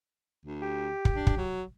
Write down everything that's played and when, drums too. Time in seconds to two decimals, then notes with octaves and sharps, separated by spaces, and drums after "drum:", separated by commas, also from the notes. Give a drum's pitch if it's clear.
0.46 D2
0.62 G4
1.05 drum: kick
1.15 D4
1.27 drum: kick
1.37 F#3